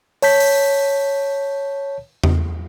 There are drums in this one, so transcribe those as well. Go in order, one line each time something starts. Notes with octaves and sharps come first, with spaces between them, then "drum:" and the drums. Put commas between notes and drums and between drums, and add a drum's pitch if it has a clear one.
C#5 A5 G6 B6, drum: open hi-hat
drum: open hi-hat
drum: tom E2